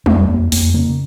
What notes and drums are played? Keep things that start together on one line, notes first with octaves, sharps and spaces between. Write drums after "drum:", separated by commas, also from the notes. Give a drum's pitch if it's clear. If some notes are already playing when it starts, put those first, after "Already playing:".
F2 A3, drum: tom
F2 A#3
F2 A#3, drum: open hi-hat
C#3 A#3